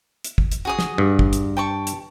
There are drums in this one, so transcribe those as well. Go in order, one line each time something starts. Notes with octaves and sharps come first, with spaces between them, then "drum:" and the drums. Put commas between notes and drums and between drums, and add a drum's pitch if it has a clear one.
drum: hi-hat
drum: kick
drum: hi-hat
F#4 G#4 D#6
drum: snare
G2
drum: kick
drum: hi-hat
G5 A5 C#6
drum: hi-hat